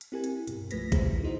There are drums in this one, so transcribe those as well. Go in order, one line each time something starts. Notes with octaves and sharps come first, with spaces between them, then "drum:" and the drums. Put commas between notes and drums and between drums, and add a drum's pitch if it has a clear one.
drum: hi-hat
C4 E4 G4 A#4 G#5
drum: hi-hat
G2 B2, drum: hi-hat
C2 F3 A3 B4 A#6 B6, drum: hi-hat
A1 G#4 C5 A#5, drum: kick A1, hi-hat
D#4 E4 F#4 G#4 C5 D#5